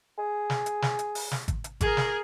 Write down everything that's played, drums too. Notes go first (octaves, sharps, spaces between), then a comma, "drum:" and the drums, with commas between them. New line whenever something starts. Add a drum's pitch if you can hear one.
G#4
drum: snare
drum: hi-hat
drum: snare
drum: hi-hat
drum: open hi-hat
drum: snare
drum: kick G#1, hi-hat
drum: hi-hat
G#4 A#4, drum: kick G#1, hi-hat
drum: snare